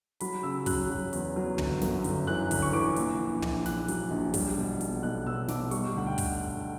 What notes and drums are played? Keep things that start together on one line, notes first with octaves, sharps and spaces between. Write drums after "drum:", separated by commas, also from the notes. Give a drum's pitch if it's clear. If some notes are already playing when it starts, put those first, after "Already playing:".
F#3 B5, drum: hi-hat
C#3 E6
F#3 F#6, drum: kick, open hi-hat
F#3
E2, drum: hi-hat
F#3
G1, drum: tom
F#2, drum: snare
G1, drum: hi-hat
E3 F#6
G1, drum: kick, open hi-hat
C#6
E3 D6
A#2, drum: hi-hat
A#1
A#1, drum: tom
A#1 F#6, drum: snare
F#3, drum: hi-hat
A#1
G3, drum: kick, open hi-hat
B2
B1, drum: hi-hat
B1 F#6
B2 E6
B1 D6, drum: snare
G3 C#6, drum: hi-hat
D2 F#5
G5
drum: kick, open hi-hat